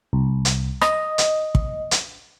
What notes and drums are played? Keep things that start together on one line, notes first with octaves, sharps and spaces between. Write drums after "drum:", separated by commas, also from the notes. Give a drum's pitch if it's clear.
C2
drum: hi-hat
D#5, drum: rim click
drum: hi-hat
drum: kick
drum: hi-hat